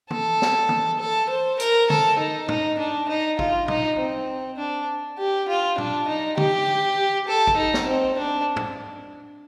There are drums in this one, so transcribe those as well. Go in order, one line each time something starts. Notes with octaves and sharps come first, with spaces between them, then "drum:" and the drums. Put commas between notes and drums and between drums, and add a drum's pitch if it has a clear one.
A4, drum: tom
drum: snare
drum: tom
A4
C5
A#4, drum: hi-hat
A4, drum: tom
D#4
D#4, drum: tom
D4
D#4
F4, drum: kick
D#4, drum: tom
C4
D4
G4
F4
D4, drum: tom
D#4
G4, drum: tom
A4
drum: kick
D#4
drum: snare
C4
D4
drum: tom